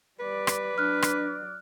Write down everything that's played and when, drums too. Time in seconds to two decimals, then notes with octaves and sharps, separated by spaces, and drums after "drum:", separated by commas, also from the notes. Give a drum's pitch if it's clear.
0.20 G3 B4 D5
0.47 drum: rim click
0.78 F#3 D4 D5 F6 F#6
1.02 drum: rim click